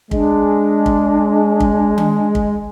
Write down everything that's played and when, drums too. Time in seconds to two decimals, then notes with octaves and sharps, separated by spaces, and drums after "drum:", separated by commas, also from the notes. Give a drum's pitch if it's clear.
0.11 G#3 D4, drum: kick
0.86 drum: kick
1.60 drum: kick
1.98 drum: tom D#3
2.35 drum: kick